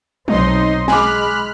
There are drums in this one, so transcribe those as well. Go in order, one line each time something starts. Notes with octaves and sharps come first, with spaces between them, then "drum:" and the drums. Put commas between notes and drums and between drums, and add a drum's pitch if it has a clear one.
B1 C4 D#4 D#5 C6, drum: tom F3
G#3 G#5 B5 D6 F6 F#6, drum: snare